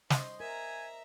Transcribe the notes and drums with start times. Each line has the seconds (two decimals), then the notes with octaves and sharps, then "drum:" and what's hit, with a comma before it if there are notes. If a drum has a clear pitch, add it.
0.10 C5 D#5 C6, drum: snare
0.40 A#4 E5 G#5 A#5